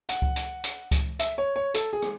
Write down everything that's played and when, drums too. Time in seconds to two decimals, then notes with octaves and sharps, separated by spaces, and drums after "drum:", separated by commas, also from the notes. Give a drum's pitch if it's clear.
0.09 F#5, drum: hi-hat
0.22 drum: kick C#2
0.36 drum: hi-hat
0.64 drum: hi-hat
0.91 drum: kick C#2, hi-hat
1.19 E5, drum: hi-hat
1.38 C#5
1.56 C#5
1.74 A4, drum: hi-hat
1.93 G#4
2.02 drum: rim click